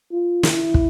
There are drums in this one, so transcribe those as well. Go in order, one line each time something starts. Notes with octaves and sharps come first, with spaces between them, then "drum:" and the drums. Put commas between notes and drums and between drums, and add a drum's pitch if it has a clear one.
F4
E4, drum: snare
drum: kick